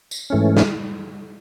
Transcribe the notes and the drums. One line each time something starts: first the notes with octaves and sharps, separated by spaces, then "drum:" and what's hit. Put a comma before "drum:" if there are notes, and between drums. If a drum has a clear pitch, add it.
drum: tambourine
G#2 E3 A3 C#4
drum: snare